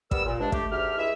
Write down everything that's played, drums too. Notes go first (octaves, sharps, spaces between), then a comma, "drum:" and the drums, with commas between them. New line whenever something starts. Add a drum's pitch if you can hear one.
G3 B3 A#4 E6, drum: kick
A#2
G2 F3 G#3 D4
A3 G4, drum: kick
D2 G#2 G4 E5 F6
C#2 G#3 E4 E5